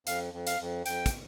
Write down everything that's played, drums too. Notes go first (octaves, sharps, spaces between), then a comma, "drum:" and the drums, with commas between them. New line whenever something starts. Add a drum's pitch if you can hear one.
F2 F5, drum: hi-hat
F2
F5, drum: hi-hat
F2
F2 G5, drum: hi-hat
drum: kick, hi-hat